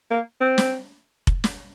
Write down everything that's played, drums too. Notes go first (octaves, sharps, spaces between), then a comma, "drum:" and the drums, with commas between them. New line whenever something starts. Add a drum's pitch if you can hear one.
A#3
C4
drum: snare
drum: kick F1
drum: snare